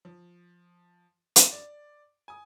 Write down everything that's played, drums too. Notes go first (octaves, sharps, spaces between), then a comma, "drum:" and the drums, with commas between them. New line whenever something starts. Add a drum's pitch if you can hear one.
F3
drum: hi-hat
D5
G#5 D#6